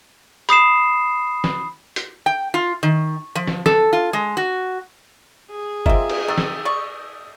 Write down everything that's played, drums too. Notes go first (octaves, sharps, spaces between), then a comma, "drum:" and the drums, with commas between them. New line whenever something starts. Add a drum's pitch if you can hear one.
B5 D#6 C7 E7, drum: hi-hat
drum: snare
drum: hi-hat
G5
F4
D#3
F3
drum: snare
A4, drum: snare
F4
G#3
F#4
G#4
A#3 C4 F4 D#5 E5, drum: kick F#1
drum: cymbal
D#3 D#6 E6 A6
drum: snare
D5 C#6